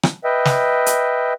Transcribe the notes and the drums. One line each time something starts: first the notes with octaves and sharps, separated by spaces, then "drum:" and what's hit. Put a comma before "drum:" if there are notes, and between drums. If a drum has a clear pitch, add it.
drum: rim click
B4 D#5 E5 G5
drum: snare
drum: hi-hat